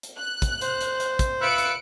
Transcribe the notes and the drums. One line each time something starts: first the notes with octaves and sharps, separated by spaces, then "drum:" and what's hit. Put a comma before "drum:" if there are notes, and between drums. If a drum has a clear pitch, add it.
drum: hi-hat
F#6
drum: kick, hi-hat
C5, drum: hi-hat
drum: hi-hat
drum: hi-hat
drum: kick, hi-hat
F4 B4 E5 F#6 C#7 D7
drum: hi-hat